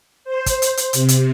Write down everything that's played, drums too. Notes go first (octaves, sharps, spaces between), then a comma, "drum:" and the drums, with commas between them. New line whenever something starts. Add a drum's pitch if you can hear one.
C5
drum: kick, hi-hat
drum: hi-hat
drum: hi-hat
C3, drum: hi-hat
drum: hi-hat